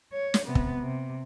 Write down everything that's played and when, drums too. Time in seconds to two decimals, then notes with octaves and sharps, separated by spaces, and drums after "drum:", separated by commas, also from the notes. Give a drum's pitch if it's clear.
0.12 C#5
0.34 drum: snare
0.46 C3 B3
0.55 drum: kick
0.81 C3